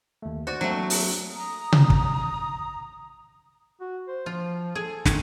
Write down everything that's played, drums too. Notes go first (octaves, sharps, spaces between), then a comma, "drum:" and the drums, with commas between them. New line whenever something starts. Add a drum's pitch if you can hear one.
D#2 A3
F#4 C5 D5
F#3 A3 A#3 C4 D4
drum: open hi-hat
A#5 D#6
drum: tom C3
drum: kick
F#4
C5
F3 F4
G#4 A4
D#3 G#4, drum: snare